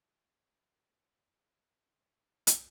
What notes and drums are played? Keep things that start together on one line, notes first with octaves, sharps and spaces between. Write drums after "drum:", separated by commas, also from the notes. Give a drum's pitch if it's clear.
D#3
C5
drum: hi-hat